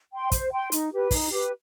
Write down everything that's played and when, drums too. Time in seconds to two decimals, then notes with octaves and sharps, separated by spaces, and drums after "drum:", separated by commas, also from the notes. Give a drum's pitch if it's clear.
0.12 G5 C6
0.32 C5, drum: kick, hi-hat
0.51 G5 C6
0.72 D#4, drum: hi-hat
0.92 G4 B4
1.11 D#4, drum: kick, open hi-hat
1.31 G4 B4